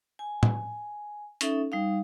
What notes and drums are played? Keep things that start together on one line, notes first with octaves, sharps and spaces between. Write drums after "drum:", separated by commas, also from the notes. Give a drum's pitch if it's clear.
G#5
drum: tom
C#4 D#4 A4 E5, drum: hi-hat
G3 D#4 F5